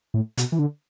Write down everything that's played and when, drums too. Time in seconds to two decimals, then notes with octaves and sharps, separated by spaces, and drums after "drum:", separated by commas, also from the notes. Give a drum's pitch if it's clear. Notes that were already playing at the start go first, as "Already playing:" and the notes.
0.14 A2
0.38 B2, drum: hi-hat
0.52 E3
0.59 D3